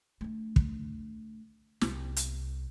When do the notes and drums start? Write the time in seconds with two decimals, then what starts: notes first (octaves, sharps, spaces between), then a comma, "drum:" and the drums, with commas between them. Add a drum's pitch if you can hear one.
0.21 A3 D4
0.56 drum: kick
1.81 C2, drum: snare
2.16 drum: hi-hat